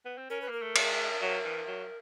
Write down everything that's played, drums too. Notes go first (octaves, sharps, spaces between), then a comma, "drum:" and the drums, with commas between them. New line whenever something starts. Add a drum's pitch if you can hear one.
B3
C4
C#4 A#4
B4
A#3 A#4
A3
G#3, drum: cymbal
F#3
E3
F#3